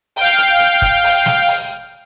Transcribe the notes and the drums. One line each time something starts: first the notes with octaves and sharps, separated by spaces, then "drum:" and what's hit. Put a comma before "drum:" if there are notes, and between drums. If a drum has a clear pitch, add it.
F5 G5, drum: open hi-hat
drum: hi-hat
drum: hi-hat
drum: kick, hi-hat
drum: open hi-hat
drum: snare
drum: open hi-hat